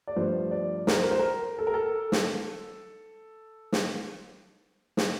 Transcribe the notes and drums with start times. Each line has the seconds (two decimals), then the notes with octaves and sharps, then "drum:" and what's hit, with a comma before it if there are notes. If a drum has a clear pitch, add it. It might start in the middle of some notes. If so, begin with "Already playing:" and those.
0.07 D5
0.16 G2 F3 A3 C5
0.51 D5
0.87 A#4, drum: snare
0.96 C5
1.03 A#4
1.11 C5
1.19 A#4
1.58 A4
1.67 A#4
1.74 A4
2.12 drum: snare
3.72 drum: snare
4.97 drum: snare